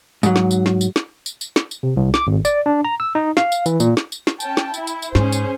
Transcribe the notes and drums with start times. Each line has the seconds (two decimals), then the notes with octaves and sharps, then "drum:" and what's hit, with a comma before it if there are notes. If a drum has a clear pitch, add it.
0.23 G#2 F#3, drum: tambourine
0.36 drum: snare
0.51 drum: tambourine
0.66 drum: snare
0.81 drum: tambourine
0.96 drum: snare
1.26 drum: tambourine
1.41 drum: tambourine
1.56 drum: snare
1.71 drum: tambourine
1.83 C3
1.97 C2
2.14 D6, drum: snare
2.27 G#1
2.45 D5, drum: tambourine
2.66 D4
2.85 A#5
3.00 E6
3.15 D#4
3.37 F5, drum: snare
3.52 drum: tambourine
3.66 E3, drum: tambourine
3.80 A#2, drum: tambourine
3.97 drum: snare
4.12 drum: tambourine
4.27 drum: snare
4.40 C#4 G5 A5, drum: tambourine
4.57 drum: snare
4.74 E4, drum: tambourine
4.87 drum: tambourine
5.02 drum: tambourine
5.15 G#2 C#4 G#4 C5, drum: snare
5.32 drum: tambourine